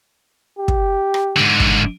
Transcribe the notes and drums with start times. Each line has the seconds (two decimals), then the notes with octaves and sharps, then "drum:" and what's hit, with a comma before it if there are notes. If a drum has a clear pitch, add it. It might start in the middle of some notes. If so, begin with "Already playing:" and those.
0.58 G4
0.68 drum: kick
1.14 drum: rim click
1.37 G#2 D3
1.60 drum: kick